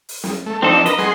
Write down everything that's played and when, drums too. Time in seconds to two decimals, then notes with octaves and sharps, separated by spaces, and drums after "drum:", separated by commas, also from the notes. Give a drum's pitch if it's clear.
0.09 drum: open hi-hat
0.24 drum: snare
0.46 A3
0.62 F3 C4 D4 D#4 A4
0.86 A#4 B4 D#5, drum: hi-hat
0.98 G#4 F#5 C6, drum: snare